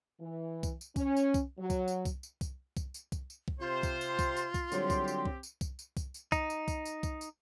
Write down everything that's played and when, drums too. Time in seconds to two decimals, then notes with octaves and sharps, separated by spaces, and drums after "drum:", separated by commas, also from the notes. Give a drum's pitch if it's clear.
0.20 E3
0.63 drum: kick C2, tambourine
0.81 drum: tambourine
0.96 C#4, drum: kick C2, tambourine
1.17 drum: tambourine
1.34 drum: kick C2, tambourine
1.59 F#3
1.70 drum: kick C2, tambourine
1.88 drum: tambourine
2.05 drum: kick C2, tambourine
2.23 drum: tambourine
2.41 drum: kick C2, tambourine
2.77 drum: kick C2, tambourine
2.94 drum: tambourine
3.12 drum: kick C2, tambourine
3.30 drum: tambourine
3.48 drum: kick C2
3.60 C3 F4 C5
3.83 drum: kick C2, tambourine
4.01 drum: tambourine
4.19 drum: kick C2, tambourine
4.37 drum: tambourine
4.54 drum: kick C2, tambourine
4.72 D3 F#3 G3 C4 G4 C6, drum: tambourine
4.90 drum: kick C2, tambourine
5.08 drum: tambourine
5.25 drum: kick C2
5.43 drum: tambourine
5.61 drum: kick C2, tambourine
5.79 drum: tambourine
5.97 drum: kick C2, tambourine
6.14 drum: tambourine
6.32 D#4, drum: kick C2, tambourine
6.50 drum: tambourine
6.68 drum: kick C2, tambourine
6.85 drum: tambourine
7.03 drum: kick C2, tambourine
7.21 drum: tambourine